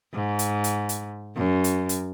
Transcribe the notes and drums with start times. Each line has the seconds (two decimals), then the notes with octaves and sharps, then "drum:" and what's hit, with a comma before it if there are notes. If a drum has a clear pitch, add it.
0.14 G#2
0.39 drum: hi-hat
0.64 drum: hi-hat
0.89 drum: hi-hat
1.36 F#2
1.64 drum: hi-hat
1.89 drum: hi-hat